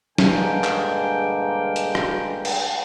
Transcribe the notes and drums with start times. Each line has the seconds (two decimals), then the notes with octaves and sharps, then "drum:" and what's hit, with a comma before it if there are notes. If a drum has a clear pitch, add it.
0.18 A#1 G2 D3 G#3 A#3 G5, drum: snare
0.64 drum: clap
1.76 drum: hi-hat
1.95 drum: rim click
2.45 drum: cymbal